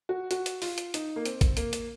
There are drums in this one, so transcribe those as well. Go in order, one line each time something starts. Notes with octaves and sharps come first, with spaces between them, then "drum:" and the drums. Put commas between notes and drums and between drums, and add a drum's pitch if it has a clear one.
F#4
F#4, drum: hi-hat
drum: hi-hat
F4, drum: open hi-hat
drum: hi-hat
D#4, drum: hi-hat
A#3
C4, drum: hi-hat
drum: kick A1, hi-hat
A#3, drum: hi-hat
drum: hi-hat